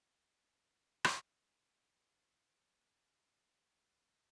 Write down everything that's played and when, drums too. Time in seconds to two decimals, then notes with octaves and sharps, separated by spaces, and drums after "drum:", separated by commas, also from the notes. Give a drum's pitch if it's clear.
0.09 A2
0.24 A#2
0.39 A2
0.53 A2
1.04 drum: rim click
1.20 A#2
1.28 C3
1.47 D3
1.68 D#3
1.88 F3
2.02 G3
2.12 F3
2.17 G3
2.32 F3
2.47 D#3
2.61 D3
2.77 D#3
2.84 C3
2.92 D3
3.06 D3
3.17 A2
3.21 G2
3.36 A2
3.51 A2
3.66 G2
3.86 A2
4.06 A#2